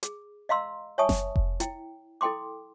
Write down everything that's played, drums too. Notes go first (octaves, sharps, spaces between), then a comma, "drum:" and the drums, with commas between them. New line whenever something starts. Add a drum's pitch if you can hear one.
G#4, drum: hi-hat
D#5 F5 A#5 C6 E6
C#5 E5 G#5 A5 C#6 D#6
drum: snare F#1
drum: kick F1
E4 G5, drum: hi-hat
E4 A4 G5 C6 D6